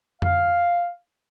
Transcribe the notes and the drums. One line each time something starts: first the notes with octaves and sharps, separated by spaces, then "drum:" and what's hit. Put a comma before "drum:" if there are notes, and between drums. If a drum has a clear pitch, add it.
F5, drum: tom F2